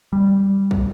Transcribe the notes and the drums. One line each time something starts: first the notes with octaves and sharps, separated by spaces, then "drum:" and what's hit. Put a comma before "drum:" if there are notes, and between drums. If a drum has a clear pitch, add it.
G3
drum: kick